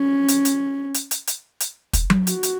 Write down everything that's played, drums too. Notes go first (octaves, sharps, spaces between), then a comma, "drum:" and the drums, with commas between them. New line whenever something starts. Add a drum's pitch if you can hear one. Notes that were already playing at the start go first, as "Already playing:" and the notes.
Already playing: C#4
drum: hi-hat
drum: hi-hat
drum: hi-hat
drum: hi-hat
drum: hi-hat
drum: hi-hat
drum: kick, hi-hat
drum: tom F#3
F#4, drum: hi-hat
drum: hi-hat